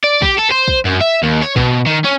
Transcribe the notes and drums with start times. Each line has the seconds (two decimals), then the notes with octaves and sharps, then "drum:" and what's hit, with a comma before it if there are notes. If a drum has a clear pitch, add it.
0.04 D5
0.22 G4, drum: kick
0.38 A4
0.50 C5
0.68 drum: kick
0.85 F#2
1.00 E5
1.23 D#2
1.42 C#5
1.56 B2, drum: kick
1.86 D#3
2.04 C#4